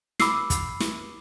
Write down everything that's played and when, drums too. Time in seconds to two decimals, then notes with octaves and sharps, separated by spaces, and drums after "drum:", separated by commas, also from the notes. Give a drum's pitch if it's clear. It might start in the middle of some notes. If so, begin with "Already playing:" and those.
0.20 B5 D6 E6 C7, drum: snare
0.50 drum: kick, hi-hat
0.80 drum: snare